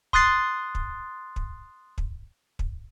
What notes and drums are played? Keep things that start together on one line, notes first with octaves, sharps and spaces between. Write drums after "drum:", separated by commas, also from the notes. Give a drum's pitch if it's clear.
C6 D#6 F#6 A6 C7, drum: kick
drum: kick
drum: kick
drum: kick
drum: kick